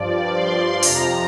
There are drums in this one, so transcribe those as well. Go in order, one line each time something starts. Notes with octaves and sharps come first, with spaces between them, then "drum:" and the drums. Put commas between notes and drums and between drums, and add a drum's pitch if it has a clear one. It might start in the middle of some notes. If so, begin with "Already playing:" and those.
Already playing: G2 F3 D5
C6
F2 C3 F3 A#5, drum: open hi-hat